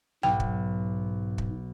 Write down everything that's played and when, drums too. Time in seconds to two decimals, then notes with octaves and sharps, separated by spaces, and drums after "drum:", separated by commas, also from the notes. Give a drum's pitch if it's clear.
0.23 B1 G#2 G5
0.40 drum: kick
1.38 drum: kick